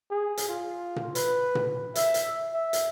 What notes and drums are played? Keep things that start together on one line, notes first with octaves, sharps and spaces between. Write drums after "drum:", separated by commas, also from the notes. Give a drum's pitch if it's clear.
G#4
drum: hi-hat
F4
drum: tom A#2
B4, drum: hi-hat
drum: tom A#2
E5, drum: hi-hat
drum: hi-hat
E5
drum: hi-hat